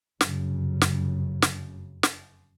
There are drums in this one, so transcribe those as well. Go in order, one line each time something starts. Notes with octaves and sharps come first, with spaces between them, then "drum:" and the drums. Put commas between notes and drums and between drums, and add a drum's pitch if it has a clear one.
F1 F#2 C#3, drum: snare
drum: snare
drum: snare
drum: snare